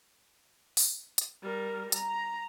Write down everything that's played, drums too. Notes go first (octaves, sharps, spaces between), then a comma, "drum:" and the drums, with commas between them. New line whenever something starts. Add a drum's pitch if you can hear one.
drum: open hi-hat
drum: hi-hat
G3 A#4
A#5, drum: hi-hat